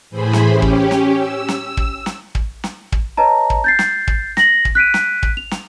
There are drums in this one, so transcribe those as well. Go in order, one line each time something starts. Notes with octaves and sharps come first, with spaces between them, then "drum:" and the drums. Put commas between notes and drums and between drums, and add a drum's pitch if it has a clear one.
A2 E3 G#4 C5 B5
drum: snare
C#4 G4
drum: kick
drum: snare
E6
drum: snare
drum: kick
drum: snare
drum: kick
drum: snare
drum: kick
B4 C#5 D#5 A5 A#5
drum: kick
G6 A6 C7
drum: snare
drum: kick
A#6 F#7, drum: snare
drum: kick
F#6 B6 D7 D#7
drum: snare
drum: kick
F7
drum: snare